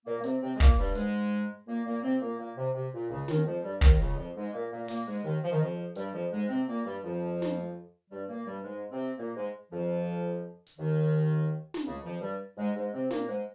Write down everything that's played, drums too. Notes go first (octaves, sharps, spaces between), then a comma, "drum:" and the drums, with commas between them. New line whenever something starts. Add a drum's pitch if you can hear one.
A#2 A#3
A#3
C3 C4, drum: hi-hat
C3 C4
G#3
A#2 A#3, drum: kick
G2 G3
G#2 G#3, drum: hi-hat
A#2 A#3
A#2 A#3
C3 C4
A#2 A#3
A#2 A#3
C3
C3
A#2
C#2 C#3
D#2 D#3, drum: snare
F2 F3
G2 G3
D#2 D#3, drum: kick
C#2 C#3
F2 F3
G#2 G#3
A#2 A#3
A#2 A#3
A#2 A#3, drum: open hi-hat
G#2 G#3
D#2 D#3
F3
D#3
F2 F3
G2 G3, drum: hi-hat
F2 F3
G#2 G#3
C3 C4
A#2 A#3
G2 G3
F2 F3
drum: snare
G2 G3
A#2 A#3
G2 G3
G#2 G#3
C3 C4
A#2 A#3
G#2 G#3
F2 F3
drum: hi-hat
D#2 D#3
drum: snare
C#2 C#3
F2 F3
G2 G3
G#2 G#3
G#2 G#3
C3 C4
A#2 A#3, drum: snare
G#2 G#3